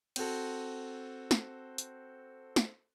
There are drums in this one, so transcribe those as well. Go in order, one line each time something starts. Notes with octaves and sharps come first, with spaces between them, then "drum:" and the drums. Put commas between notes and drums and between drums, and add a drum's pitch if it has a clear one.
C4 F#4 A4, drum: cymbal
drum: snare
drum: hi-hat
drum: snare